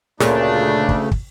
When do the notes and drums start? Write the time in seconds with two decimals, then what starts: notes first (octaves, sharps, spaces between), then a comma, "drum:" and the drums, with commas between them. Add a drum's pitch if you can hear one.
0.20 D2 A#2 C#3 A3 D4 G#4 A#4 C#5, drum: snare
0.89 drum: kick
1.11 drum: kick